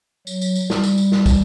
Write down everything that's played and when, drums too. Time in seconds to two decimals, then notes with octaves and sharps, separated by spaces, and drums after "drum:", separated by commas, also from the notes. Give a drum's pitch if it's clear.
0.27 F#3, drum: tambourine
0.41 drum: tambourine
0.55 drum: tambourine
0.70 G3, drum: snare
0.84 drum: tambourine
0.98 drum: tambourine
1.12 drum: snare
1.26 drum: kick, tambourine